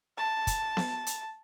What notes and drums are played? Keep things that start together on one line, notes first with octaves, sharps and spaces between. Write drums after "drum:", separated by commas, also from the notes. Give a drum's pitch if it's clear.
A5
drum: kick, hi-hat
drum: snare B3
drum: hi-hat